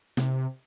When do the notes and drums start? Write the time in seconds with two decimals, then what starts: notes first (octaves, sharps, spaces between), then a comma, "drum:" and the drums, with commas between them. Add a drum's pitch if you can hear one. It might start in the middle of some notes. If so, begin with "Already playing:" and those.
0.17 C3, drum: snare